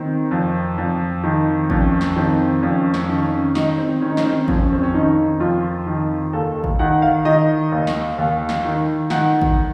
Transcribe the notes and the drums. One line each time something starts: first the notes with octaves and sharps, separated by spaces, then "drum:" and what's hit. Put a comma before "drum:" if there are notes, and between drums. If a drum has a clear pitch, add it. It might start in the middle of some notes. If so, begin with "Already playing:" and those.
Already playing: D#3 C4
F2
F2
D#3
F2 C#4, drum: kick G#1
drum: snare
D#3 C4
F2 C#4
C#4, drum: snare
D#3
C#4
D#3 D#4, drum: snare
C4
D#3 C#4
D#4
C#4, drum: snare
C4
F2 C#4, drum: kick G#1
C4
C#4
D#3 D#4
F2 F4
D#3
D#2 A4
drum: kick G#1
D#3 F#5
F5
D#3 D#5
D#2
drum: snare
D#2
drum: snare
D#3
D#3 F#5, drum: snare
drum: kick G#1